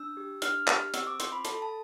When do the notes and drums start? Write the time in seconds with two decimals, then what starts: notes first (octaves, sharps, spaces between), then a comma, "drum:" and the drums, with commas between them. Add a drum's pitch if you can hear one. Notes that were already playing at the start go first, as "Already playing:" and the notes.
Already playing: D4 E6
0.17 G4
0.42 D4 F6, drum: hi-hat
0.68 G4, drum: clap
0.94 C4 E6, drum: hi-hat
1.07 D6
1.20 F4 C6, drum: hi-hat
1.32 B5
1.45 A4 A5, drum: hi-hat
1.62 A5